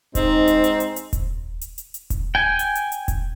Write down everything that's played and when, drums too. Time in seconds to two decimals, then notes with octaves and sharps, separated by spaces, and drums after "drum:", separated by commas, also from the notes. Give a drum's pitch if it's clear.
0.15 G#2 C4 D#4, drum: kick D#1, hi-hat
0.48 drum: hi-hat
0.64 drum: hi-hat
0.80 drum: hi-hat
0.96 drum: hi-hat
1.13 drum: kick D#1, hi-hat
1.61 drum: hi-hat
1.78 drum: hi-hat
1.94 drum: hi-hat
2.10 drum: kick D#1, hi-hat
2.35 G5 G#5
2.59 drum: hi-hat
2.75 drum: hi-hat
2.92 drum: hi-hat
3.08 drum: kick D#1, hi-hat